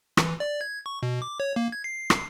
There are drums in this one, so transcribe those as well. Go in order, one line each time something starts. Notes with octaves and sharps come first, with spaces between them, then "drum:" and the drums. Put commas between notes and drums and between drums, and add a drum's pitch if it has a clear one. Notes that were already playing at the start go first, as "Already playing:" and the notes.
E3, drum: rim click
D5
G#6
C#6
B2
D6
C#5
A#3
G#6
C7
drum: rim click